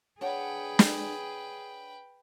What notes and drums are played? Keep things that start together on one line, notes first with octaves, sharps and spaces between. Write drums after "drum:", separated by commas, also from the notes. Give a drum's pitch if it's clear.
D4 G#4 B4 C#5 F#5 G5
drum: snare